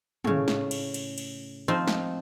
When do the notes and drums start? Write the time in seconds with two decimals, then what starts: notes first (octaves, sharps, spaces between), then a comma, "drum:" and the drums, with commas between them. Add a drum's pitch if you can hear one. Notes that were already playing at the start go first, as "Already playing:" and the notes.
0.24 A2 C#3, drum: tom
0.48 drum: snare
0.71 drum: cymbal
0.94 drum: cymbal
1.18 drum: cymbal
1.68 F3 C4 D#4 C5
1.88 drum: snare